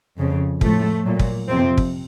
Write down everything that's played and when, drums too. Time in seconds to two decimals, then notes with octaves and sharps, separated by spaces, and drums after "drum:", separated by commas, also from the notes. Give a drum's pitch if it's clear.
0.18 F2 C#3 F3
0.61 A2 F3 A3, drum: kick
1.05 A#2 F#3
1.19 drum: kick
1.48 F2 C3 F3 C4
1.78 drum: kick